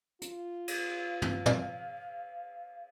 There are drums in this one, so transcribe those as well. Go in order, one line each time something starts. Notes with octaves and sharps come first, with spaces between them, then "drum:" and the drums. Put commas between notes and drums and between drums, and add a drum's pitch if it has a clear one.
F4, drum: hi-hat
F5, drum: cymbal
drum: tom
drum: tom